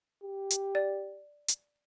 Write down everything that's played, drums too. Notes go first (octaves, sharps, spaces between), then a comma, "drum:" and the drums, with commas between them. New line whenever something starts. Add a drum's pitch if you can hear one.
G4
drum: hi-hat
D5
drum: hi-hat